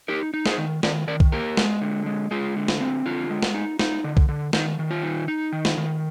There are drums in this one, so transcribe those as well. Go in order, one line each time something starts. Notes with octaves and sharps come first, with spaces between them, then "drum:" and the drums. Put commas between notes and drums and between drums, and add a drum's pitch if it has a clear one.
D#4 G4 A#4
D#4
G#4 C5, drum: snare
D#3
D#3 A#4 D5, drum: snare
D#3 A#4 D5
drum: kick B1
A#3 G4 A#4
G#3, drum: snare
D3
G#3
G#3 F4 G#4
D3
drum: snare
C4
D3 F4
G#3
drum: snare
D#4
D#4, drum: snare
D3
drum: kick B1
D3
D#3 D#4, drum: snare
D#3
F4
D#4
D#4
D#3
drum: snare
D#3